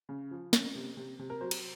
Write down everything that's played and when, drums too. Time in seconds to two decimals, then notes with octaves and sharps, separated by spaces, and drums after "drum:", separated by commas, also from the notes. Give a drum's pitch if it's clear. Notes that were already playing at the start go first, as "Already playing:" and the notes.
0.09 C#3
0.31 F3
0.53 C#4, drum: snare
0.75 C3
0.97 C3
1.19 C3
1.30 A#4
1.41 F#3 C5
1.51 drum: cymbal